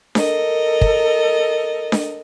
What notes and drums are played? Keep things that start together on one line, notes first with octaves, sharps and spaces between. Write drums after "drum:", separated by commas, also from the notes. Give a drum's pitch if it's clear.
A4 A#4 D#5, drum: snare D4
drum: kick
drum: snare D4